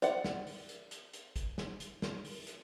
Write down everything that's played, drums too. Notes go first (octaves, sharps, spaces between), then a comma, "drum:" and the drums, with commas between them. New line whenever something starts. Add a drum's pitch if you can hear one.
D5 F#5, drum: hi-hat
drum: snare
drum: open hi-hat
drum: hi-hat
drum: hi-hat
drum: hi-hat
drum: kick, hi-hat
drum: snare
drum: hi-hat
drum: snare
drum: open hi-hat
drum: hi-hat